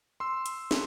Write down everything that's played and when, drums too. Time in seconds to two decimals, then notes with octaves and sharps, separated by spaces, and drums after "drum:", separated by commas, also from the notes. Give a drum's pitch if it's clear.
0.20 C6 E6
0.46 drum: hi-hat
0.71 drum: snare